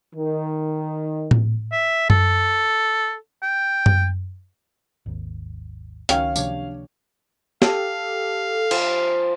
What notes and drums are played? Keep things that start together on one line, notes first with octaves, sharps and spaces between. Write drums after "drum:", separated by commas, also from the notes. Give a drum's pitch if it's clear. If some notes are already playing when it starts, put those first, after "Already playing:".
D#3
drum: tom A2
E5
A4, drum: tom F#2
G5
drum: tom F#2
G#1 D#2
C#2 D#3 F#3 C#4 C#5 F5 G5, drum: hi-hat
C3 F3 A#3 D4 G4 C#5, drum: tambourine
G4 A4 F5, drum: snare
F3, drum: cymbal